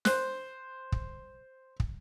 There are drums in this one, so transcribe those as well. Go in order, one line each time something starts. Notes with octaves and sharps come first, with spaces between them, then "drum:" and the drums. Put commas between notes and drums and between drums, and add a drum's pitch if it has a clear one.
C5 F#6, drum: snare
drum: kick
drum: kick